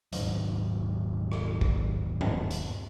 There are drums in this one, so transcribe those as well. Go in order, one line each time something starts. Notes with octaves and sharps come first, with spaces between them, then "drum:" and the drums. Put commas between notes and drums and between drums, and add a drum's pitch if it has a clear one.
D#1 G#2 D#3 F#3, drum: hi-hat
drum: rim click
drum: kick
drum: tom G2
drum: hi-hat